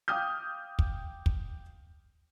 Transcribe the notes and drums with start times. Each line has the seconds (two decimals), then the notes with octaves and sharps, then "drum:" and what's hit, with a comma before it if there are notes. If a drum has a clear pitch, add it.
0.08 F5 G5 D6 D#6 F6 G6
0.79 drum: kick
1.26 drum: kick